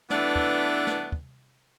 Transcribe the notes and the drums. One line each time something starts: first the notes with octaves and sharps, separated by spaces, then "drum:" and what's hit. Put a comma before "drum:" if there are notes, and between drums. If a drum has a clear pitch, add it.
E3 A3 B3 D4, drum: snare
drum: kick
drum: snare
drum: kick